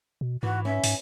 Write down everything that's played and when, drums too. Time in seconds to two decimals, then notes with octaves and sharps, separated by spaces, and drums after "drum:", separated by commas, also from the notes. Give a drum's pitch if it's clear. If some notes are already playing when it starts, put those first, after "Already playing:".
0.21 B2
0.43 G#2 E3 F#4
0.65 C#4 E5
0.84 G#2, drum: open hi-hat